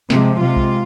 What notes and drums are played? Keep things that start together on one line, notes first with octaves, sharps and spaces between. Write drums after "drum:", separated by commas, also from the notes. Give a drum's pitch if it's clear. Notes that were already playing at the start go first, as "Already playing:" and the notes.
C3 F3 G#3, drum: snare
C3 G#3 F4
drum: kick B1